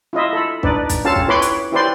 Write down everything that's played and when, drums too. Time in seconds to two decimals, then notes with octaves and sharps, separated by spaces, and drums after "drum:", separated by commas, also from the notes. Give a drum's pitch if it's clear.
0.13 E4 F4 D#5 E5
0.33 A4 B5
0.63 D4 D#4 B4 D5, drum: kick
0.89 drum: kick, hi-hat
1.04 C#4 F4 G4 A4 F5 A5
1.16 drum: kick
1.28 E4 B4 C#5 B5 C6 D6
1.42 drum: hi-hat
1.72 E4 G4 B4 C5 D5 C6